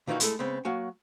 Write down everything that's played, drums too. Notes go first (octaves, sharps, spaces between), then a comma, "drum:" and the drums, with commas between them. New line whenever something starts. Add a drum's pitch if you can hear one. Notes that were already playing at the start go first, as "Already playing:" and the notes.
A#2 D#3 E3 A#3 D#4 F#4
G#3 A3 E4 A4, drum: hi-hat
C#3 G#3 B3 C4
F#3 A#3 F#4 G#5